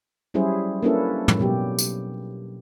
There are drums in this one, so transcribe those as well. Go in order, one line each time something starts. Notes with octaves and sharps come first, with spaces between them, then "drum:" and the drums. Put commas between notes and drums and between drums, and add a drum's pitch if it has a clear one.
F#3 G3 C#4 E4 G#4 C5
A#3 C#4 D4 E4 A4 B4
drum: tom
B2 F#3 G4
drum: tambourine